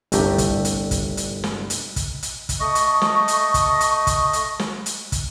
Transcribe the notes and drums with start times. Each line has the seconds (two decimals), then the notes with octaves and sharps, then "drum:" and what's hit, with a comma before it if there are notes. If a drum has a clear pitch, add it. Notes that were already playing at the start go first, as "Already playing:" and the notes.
0.12 G1 C2 A3 G4 A#5, drum: hi-hat
0.38 drum: kick, hi-hat
0.65 drum: hi-hat
0.91 drum: kick, hi-hat
1.17 drum: hi-hat
1.44 drum: snare
1.70 drum: hi-hat
1.96 drum: kick, hi-hat
2.23 drum: hi-hat
2.49 drum: kick, hi-hat
2.60 A3 D#5 C#6
2.75 drum: hi-hat
3.02 drum: snare
3.28 drum: hi-hat
3.54 drum: kick, hi-hat
3.80 drum: hi-hat
4.07 drum: kick, hi-hat
4.33 drum: hi-hat
4.59 drum: snare
4.86 drum: hi-hat
5.12 drum: kick, hi-hat